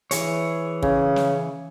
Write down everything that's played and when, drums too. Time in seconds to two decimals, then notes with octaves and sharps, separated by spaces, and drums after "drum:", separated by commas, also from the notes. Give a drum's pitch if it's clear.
0.11 E3 G#4 C#5, drum: hi-hat
0.83 C#3, drum: kick
1.16 drum: snare